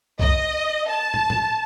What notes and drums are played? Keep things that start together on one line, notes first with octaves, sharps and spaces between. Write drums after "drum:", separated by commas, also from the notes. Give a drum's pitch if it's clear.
D#5, drum: kick C2
A5
drum: tom
drum: tom